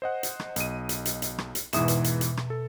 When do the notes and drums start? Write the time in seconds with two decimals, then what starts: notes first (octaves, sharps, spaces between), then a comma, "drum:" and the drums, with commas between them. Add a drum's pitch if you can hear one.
0.02 C5 D#5 F#5
0.23 drum: hi-hat
0.40 drum: rim click
0.56 B1 D#5 D#7, drum: hi-hat
0.89 drum: hi-hat
1.05 drum: hi-hat
1.22 drum: hi-hat
1.38 drum: rim click
1.55 drum: hi-hat
1.73 E2 G#2 B2 E3 E5, drum: hi-hat
1.88 drum: hi-hat
2.04 drum: hi-hat
2.21 drum: hi-hat
2.37 drum: rim click
2.50 A4